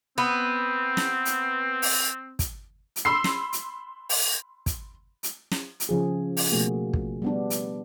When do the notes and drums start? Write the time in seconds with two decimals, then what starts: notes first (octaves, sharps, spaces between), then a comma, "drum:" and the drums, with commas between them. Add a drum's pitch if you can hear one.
0.18 B3 C4
0.97 drum: snare
1.25 drum: hi-hat
1.82 drum: open hi-hat
2.39 drum: kick, hi-hat
2.96 drum: hi-hat
3.05 B5 C6 E6 C7
3.24 drum: snare
3.53 drum: hi-hat
4.09 drum: open hi-hat
4.66 drum: kick, hi-hat
5.23 drum: hi-hat
5.51 drum: snare
5.80 drum: hi-hat
5.89 C#3 F3 G#4
6.37 drum: open hi-hat
6.50 B2 F3 A3 A#3 F#4 G#4
6.93 drum: kick
7.22 G3 B3 D4
7.50 drum: hi-hat